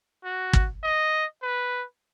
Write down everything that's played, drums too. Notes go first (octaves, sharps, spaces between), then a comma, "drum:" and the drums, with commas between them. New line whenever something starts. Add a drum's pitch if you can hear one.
F#4
drum: kick
D#5
B4